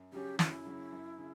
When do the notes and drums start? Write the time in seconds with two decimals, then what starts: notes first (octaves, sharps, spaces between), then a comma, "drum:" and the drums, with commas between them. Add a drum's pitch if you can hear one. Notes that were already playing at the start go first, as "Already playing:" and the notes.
Already playing: F#2
0.12 C#3 F#3 C#4 G4
0.39 F#2 E4, drum: snare
0.65 C#3 F#3 C#4
0.92 F#2
1.18 C#3